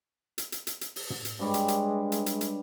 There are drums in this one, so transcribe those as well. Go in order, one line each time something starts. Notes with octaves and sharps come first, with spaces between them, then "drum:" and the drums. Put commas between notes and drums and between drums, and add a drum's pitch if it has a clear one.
drum: hi-hat
drum: hi-hat
drum: hi-hat
drum: hi-hat
drum: open hi-hat
drum: tom
drum: hi-hat
G2 G3 G#3 C#5
drum: hi-hat
drum: hi-hat
drum: hi-hat
drum: hi-hat
drum: hi-hat